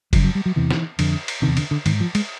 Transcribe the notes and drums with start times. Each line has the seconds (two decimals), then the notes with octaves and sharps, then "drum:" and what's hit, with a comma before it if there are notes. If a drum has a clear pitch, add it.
0.13 F#2 C#3 F3, drum: kick F1, cymbal
0.24 F#3
0.35 G3
0.46 F#3
0.56 E2 C3 E3
0.71 drum: snare
0.99 F2 D3, drum: cymbal
1.28 drum: cymbal
1.42 C3 D#3
1.47 E2
1.57 D3, drum: cymbal
1.71 D3
1.86 G#2 D#3, drum: cymbal
2.00 F3
2.15 G#3, drum: cymbal